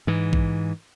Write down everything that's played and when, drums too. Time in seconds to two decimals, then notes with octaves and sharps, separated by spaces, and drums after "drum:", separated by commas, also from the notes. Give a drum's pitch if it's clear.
0.07 G#2 E3
0.33 drum: kick A#1